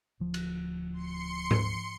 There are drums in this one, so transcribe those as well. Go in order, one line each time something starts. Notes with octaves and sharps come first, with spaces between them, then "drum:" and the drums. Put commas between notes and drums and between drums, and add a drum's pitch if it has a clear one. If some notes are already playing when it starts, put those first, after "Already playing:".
D1 F3
drum: cymbal
C6 C#7
drum: tom G#2